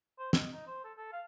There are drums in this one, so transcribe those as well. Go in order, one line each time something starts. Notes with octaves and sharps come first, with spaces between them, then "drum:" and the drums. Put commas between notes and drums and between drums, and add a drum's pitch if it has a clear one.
C5
D#5, drum: snare
D#4
C5
A4
A4
F5